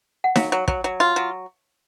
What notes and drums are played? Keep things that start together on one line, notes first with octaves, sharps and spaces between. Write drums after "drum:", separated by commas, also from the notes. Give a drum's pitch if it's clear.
F#5
F#3 F5, drum: snare D#4
F#3
F#3, drum: kick
F#3
F4
F#3